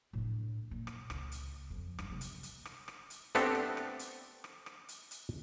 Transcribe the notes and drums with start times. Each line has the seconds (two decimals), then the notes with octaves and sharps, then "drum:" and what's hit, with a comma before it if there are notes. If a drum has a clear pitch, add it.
0.13 A2 D4
0.71 A#2
0.87 drum: rim click
1.10 C#2, drum: rim click
1.32 drum: hi-hat
1.70 F2
1.99 G2, drum: rim click
2.10 C2 A#3
2.21 drum: hi-hat
2.43 drum: hi-hat
2.65 drum: rim click
2.88 drum: rim click
3.10 drum: hi-hat
3.35 A3 B3 C4 D4 G4 A4, drum: hi-hat
3.55 drum: rim click
3.77 drum: rim click
3.99 drum: hi-hat
4.44 drum: rim click
4.66 drum: rim click
4.89 drum: hi-hat
5.11 drum: hi-hat